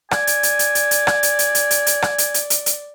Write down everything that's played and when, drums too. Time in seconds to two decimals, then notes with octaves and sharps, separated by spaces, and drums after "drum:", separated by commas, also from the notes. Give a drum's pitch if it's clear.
0.11 D5 G#5, drum: rim click
0.27 drum: hi-hat
0.43 drum: hi-hat
0.59 drum: hi-hat
0.75 drum: hi-hat
0.91 drum: hi-hat
1.07 drum: rim click
1.23 drum: hi-hat
1.39 drum: hi-hat
1.55 drum: hi-hat
1.71 drum: hi-hat
1.87 drum: hi-hat
2.02 drum: rim click
2.18 drum: hi-hat
2.34 drum: hi-hat
2.50 drum: hi-hat
2.66 drum: hi-hat